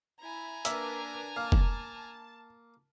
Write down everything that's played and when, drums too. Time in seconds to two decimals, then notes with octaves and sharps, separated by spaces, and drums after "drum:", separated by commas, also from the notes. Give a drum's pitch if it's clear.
0.21 E4 G#5 A#5
0.65 A#3 D4 A#4 B4 E5, drum: hi-hat
1.36 A#3 F5 A5
1.52 drum: kick